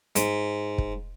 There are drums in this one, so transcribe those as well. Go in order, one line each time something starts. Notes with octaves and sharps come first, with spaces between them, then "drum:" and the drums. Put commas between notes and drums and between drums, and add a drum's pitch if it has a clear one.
G#2, drum: hi-hat
drum: kick